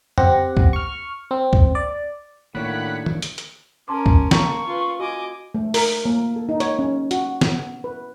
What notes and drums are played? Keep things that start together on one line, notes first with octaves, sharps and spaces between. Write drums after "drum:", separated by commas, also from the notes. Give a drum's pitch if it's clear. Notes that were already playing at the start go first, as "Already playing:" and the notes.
C4 G4 F#5 A#6, drum: tom
drum: kick
C#6 F6
C4
drum: kick
D5
A2 D#3 A#3 D4 F#4 C#5 F#5 B5
drum: tom
drum: hi-hat
drum: hi-hat
C#4 A#4 A5 C6 D6
drum: kick
A#3 C#6, drum: snare
F4 B4
F#4 D#5 G#5 D6
A3
A#4, drum: open hi-hat
A#3
A4
D#4
C#5, drum: hi-hat
C#4
F#4, drum: hi-hat
B3, drum: snare
B4